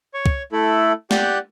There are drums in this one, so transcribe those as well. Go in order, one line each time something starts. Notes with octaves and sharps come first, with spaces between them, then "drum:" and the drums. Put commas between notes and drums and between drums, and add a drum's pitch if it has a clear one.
C#5 C#6
drum: kick
A3 E4 A4
G4 D5 F#5 F#6 G6, drum: snare